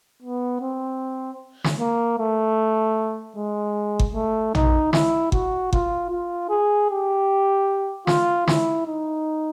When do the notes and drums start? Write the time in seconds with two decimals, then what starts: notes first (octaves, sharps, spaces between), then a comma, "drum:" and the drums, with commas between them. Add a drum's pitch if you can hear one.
0.23 B3
0.61 C4
1.64 drum: snare
1.79 A#3
2.19 A3
3.37 G#3
3.99 drum: kick G1
4.14 A3
4.55 D#4, drum: tom
4.93 E4, drum: snare
5.32 F#4, drum: kick G1
5.73 F4, drum: kick G1
6.11 F4
6.50 G#4
6.90 G4
8.07 F4, drum: snare
8.47 E4, drum: snare
8.86 D#4